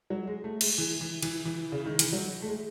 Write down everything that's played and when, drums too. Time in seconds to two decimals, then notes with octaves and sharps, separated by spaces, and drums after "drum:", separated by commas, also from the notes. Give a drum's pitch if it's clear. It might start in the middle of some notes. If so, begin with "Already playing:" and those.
0.10 F#3
0.27 G#3
0.44 A3
0.61 G#3, drum: cymbal
0.78 E3
1.01 E3
1.22 E3, drum: cymbal
1.45 E3
1.72 C#3
1.86 D#3
1.99 E3, drum: hi-hat
2.13 F#3
2.42 A3
2.47 G#3